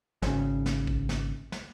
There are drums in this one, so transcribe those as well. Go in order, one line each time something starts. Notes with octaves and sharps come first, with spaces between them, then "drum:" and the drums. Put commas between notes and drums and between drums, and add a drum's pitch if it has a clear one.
G#1 C#3, drum: snare
drum: snare
drum: kick B1
drum: snare
drum: snare